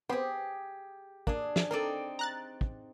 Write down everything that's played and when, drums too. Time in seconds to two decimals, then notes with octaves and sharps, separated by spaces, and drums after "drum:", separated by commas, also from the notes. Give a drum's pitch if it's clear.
0.09 B3 C4 G4 G#4 C5
1.27 A#3 D4 G#4, drum: kick
1.56 drum: snare
1.71 C4 D#4 A4 A#4 D5
2.19 A#5 F#6 A6
2.61 drum: kick